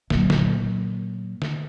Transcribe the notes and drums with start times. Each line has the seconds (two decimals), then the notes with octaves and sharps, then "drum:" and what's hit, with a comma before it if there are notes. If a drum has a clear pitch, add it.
0.10 A#2 F#3, drum: snare
0.30 drum: snare
1.42 drum: snare